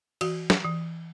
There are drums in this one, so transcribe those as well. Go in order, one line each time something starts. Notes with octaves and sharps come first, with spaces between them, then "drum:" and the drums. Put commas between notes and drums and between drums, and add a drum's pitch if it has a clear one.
E3 F#4, drum: cymbal
drum: snare
E3